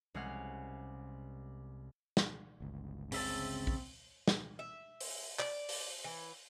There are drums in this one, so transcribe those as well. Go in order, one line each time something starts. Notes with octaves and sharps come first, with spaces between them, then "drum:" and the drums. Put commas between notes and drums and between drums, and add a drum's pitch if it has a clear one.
C2 G#3 C#4 F5 F#5 F6
drum: snare
G1 C#2
C#3 C4 E5 A5, drum: open hi-hat
drum: kick
drum: snare
E5
drum: open hi-hat
D5, drum: clap
drum: open hi-hat
E3